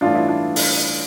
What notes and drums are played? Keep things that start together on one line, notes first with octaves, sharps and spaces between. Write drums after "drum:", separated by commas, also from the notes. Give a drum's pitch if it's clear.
A1 G2 E3 A3 D4 F4
E4
D4 F4
drum: open hi-hat